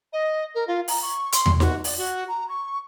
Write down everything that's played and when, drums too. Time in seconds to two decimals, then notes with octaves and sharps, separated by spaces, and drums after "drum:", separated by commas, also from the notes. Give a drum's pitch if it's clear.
0.12 D#5
0.54 A#4
0.67 F4
0.88 A#5, drum: open hi-hat
1.02 C#6
1.32 C6, drum: hi-hat
1.46 drum: tom E2
1.60 F#4, drum: snare D#4
1.84 D5, drum: open hi-hat
1.97 F#4
2.28 A#5
2.48 C#6